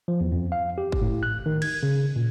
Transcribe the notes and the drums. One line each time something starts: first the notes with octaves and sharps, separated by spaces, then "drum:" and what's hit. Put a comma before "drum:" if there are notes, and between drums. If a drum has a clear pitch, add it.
F3
E2
F2
F5
G4
drum: kick
A2
F#6
D#3
G#6, drum: cymbal
C#3
A#2